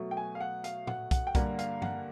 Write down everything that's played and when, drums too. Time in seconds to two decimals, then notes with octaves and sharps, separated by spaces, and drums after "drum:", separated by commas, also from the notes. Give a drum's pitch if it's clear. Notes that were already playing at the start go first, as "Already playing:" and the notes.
Already playing: B2 F#3 A3
0.11 G5
0.17 G#5
0.35 F5
0.40 F#5
0.64 F5, drum: hi-hat
0.87 F#5, drum: tom
1.11 F#5, drum: kick, hi-hat
1.27 G5
1.35 G2 D3 G3 A#3 F#5, drum: kick, hi-hat
1.59 F5, drum: hi-hat
1.82 F#5, drum: tom G2